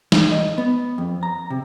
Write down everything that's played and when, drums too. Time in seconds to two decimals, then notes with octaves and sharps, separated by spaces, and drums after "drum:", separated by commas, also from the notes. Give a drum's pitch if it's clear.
0.12 E3, drum: snare
0.31 D#5
0.58 B3
0.98 F2
1.23 A#5
1.50 C3